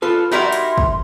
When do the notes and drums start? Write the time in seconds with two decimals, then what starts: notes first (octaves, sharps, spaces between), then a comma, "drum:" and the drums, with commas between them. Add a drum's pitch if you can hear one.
0.02 F4 A4 B4 F6
0.32 D#4 E4 F#4 G4 A#4 D5 C6
0.52 drum: hi-hat
0.78 drum: kick